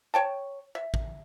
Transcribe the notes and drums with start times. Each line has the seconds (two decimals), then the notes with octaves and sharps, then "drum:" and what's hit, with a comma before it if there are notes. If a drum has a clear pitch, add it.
0.14 C#5 G5 A5
0.75 E5
0.94 drum: kick